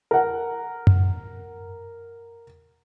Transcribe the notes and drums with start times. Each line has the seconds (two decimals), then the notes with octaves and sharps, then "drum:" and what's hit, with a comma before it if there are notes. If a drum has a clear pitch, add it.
0.11 A#4 F#5
0.87 drum: tom F#2